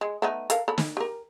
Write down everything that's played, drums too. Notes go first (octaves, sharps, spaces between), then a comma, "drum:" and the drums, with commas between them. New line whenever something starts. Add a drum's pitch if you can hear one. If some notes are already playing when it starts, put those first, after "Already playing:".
G#3
A3 B3 D#4
A4 A#4 F5, drum: hi-hat
A4 B5
drum: snare
G4 A#4